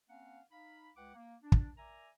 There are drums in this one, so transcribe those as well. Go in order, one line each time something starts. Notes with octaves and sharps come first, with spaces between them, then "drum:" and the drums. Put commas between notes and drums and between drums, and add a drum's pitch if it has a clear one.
A#3 C4 C#4 F5 F#5
D#4 F5 B5
C#2 G#3 B4 F#5 G5 D6
A#3
D4
drum: kick
A#4 D5 E5 G#5 A#5